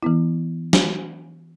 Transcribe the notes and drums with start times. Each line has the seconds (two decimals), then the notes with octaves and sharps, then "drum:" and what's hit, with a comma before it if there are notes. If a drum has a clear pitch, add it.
0.03 E3 B3 E4
0.73 drum: snare